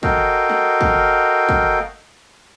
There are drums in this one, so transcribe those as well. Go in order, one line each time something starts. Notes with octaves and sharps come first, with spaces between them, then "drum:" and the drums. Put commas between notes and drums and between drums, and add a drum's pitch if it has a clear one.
F#4 A4 A#4 D#5 F5 G5, drum: kick
drum: snare
drum: kick
drum: kick